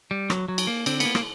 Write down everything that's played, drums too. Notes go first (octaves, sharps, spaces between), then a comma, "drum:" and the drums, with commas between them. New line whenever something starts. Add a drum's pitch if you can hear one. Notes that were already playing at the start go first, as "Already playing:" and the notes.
G3
F#3, drum: rim click
F#3
drum: cymbal
A#3
D3 C4, drum: cymbal
A#3 B3, drum: cymbal
A#3, drum: rim click